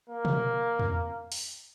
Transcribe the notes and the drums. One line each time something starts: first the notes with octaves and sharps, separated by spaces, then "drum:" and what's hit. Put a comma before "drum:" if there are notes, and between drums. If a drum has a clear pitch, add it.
A#3
drum: tom B2
drum: tom E2
drum: open hi-hat